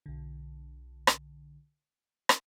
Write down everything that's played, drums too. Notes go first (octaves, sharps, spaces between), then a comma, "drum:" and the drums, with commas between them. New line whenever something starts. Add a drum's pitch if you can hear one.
B1 D3
drum: rim click
drum: rim click